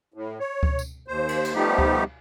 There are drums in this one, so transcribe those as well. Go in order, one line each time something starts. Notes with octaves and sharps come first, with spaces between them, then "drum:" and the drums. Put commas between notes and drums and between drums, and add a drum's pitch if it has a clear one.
A2
C#5
drum: kick C#2
drum: tambourine
D#2 C5
drum: cymbal
drum: cymbal
F3 G3 A3 B3 D#4 G4
drum: kick C#2